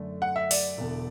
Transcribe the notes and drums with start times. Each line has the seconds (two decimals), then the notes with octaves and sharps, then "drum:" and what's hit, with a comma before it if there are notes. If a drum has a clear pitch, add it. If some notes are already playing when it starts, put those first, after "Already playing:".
Already playing: F#2 D3 A3 D4
0.22 F#5
0.36 E5
0.51 D5, drum: open hi-hat
0.78 E1 E2 D3